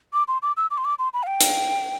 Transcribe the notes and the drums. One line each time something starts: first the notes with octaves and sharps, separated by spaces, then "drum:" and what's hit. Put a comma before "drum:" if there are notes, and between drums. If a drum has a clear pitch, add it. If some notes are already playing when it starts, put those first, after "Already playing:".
D6
C6
D6
E6
D6
C6
D6
C6
B5
F5
G5
drum: hi-hat